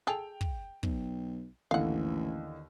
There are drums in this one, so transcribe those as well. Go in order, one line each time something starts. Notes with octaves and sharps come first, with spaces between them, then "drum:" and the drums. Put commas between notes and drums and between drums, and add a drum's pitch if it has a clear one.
G#4 A4 G5 F7
drum: kick
B1, drum: kick
A1 D#2 D3 E3 F5 F#5